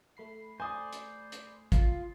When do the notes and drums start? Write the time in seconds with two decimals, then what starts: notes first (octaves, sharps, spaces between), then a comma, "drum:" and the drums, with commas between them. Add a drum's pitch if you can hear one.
0.17 A3 B5 C7
0.60 C5 D5 G#5 D#6
0.93 drum: hi-hat
1.32 drum: hi-hat
1.72 F4, drum: kick, hi-hat